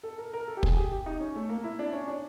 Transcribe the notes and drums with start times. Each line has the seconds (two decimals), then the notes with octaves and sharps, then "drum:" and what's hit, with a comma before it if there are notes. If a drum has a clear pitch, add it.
0.03 A4
0.18 A#4
0.34 A#4
0.48 A4
0.57 G4
0.63 G#4, drum: kick
0.77 G4
0.92 G4
1.06 D#4
1.20 C#4
1.35 A3
1.49 A#3
1.64 E4
1.79 D4
1.93 C#4
2.08 D4